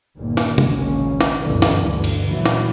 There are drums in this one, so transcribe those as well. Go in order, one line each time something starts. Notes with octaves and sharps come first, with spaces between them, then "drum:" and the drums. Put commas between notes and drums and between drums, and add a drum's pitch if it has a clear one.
G1 D#2 A#2
drum: snare
drum: tom
G#1 C#2 A#2 A#3 C#4
drum: snare
F#1 C#2 G2 B2 D3 E3
drum: snare
D2 G2 D3
drum: cymbal
A#2 E3 F#3
drum: snare